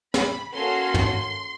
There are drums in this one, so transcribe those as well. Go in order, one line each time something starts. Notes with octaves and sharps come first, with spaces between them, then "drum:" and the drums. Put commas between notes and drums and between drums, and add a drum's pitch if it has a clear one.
B5, drum: snare
A#3 C#4 F#4 A4 C6
drum: tom